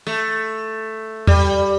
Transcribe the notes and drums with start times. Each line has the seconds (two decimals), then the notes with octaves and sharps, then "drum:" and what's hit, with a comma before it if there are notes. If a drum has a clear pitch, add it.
0.07 A3
1.27 G3, drum: tom E2